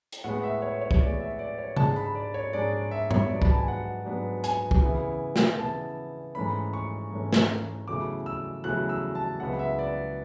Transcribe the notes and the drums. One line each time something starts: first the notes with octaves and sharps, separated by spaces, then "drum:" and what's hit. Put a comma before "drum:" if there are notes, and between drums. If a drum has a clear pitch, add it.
drum: hi-hat
A2 G#3 B3 F#5
E5
C#5
C#5
drum: kick
A2 G#3 B3 D5
E5
D5
C#5
G#2 G#3 D4 A5, drum: tom C#3
B5
D5
C#5
G#2 G#3 D4 D5
D5
E5
C#5, drum: tom G2
G#2 F#3 B3 D4 D5
B5, drum: kick
A5
G#5
F#5
G#2 F#3 B3 D4
G#5, drum: hi-hat
drum: kick
C#3 E3 B3 E4
drum: snare
C#3 E3 B3 E4 A5
G#2 E3 A3 C#4 B5
C#6
G#2 E3 A3 C#4
drum: snare
E2 C#3 F#3 A3 E4 D6
E6
E2 C#3 F#3 A3 E4 F#6
E6
A5
C#2 C#3 F#3 B3 E4 F#5
E5
D5